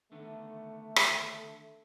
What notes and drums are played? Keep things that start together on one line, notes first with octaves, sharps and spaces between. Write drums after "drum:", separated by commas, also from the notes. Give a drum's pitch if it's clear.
D3 D#3 A3 B3
drum: rim click